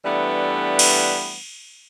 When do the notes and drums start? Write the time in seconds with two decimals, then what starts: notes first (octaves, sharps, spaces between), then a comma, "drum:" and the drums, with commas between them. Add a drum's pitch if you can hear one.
0.05 E3 G3 A3 B3 D4
0.79 drum: cymbal